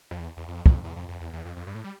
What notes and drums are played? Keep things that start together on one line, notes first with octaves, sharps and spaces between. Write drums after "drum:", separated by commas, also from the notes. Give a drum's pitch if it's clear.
F2
E2
E2
F2
F2, drum: kick
E2
F2
F2
E2
E2
F2
F2
G2
A2
G3